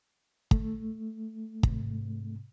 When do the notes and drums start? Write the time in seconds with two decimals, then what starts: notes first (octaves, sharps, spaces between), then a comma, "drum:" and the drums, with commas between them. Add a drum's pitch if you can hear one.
0.51 A3, drum: kick
1.63 G#2 C3, drum: kick